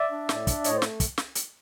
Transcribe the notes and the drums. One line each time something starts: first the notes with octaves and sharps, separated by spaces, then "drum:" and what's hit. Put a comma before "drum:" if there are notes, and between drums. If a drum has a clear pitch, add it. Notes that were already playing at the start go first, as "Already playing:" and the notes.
Already playing: D5 E5
D4
A2, drum: snare
D4, drum: kick, hi-hat
A2 C#5 D#5, drum: hi-hat
C5 D5
A3, drum: snare
drum: kick, hi-hat
drum: snare
drum: hi-hat